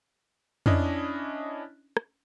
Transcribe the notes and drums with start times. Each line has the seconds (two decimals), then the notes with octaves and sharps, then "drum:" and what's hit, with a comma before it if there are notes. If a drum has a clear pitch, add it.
0.66 C#4 D4 E4 D#5, drum: tom F2
1.97 drum: rim click